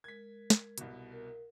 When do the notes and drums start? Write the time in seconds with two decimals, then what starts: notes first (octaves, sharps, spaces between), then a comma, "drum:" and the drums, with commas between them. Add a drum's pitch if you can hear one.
0.04 G#3 A#4 G#6 B6
0.50 drum: snare
0.78 C2 B2, drum: hi-hat
1.12 A#4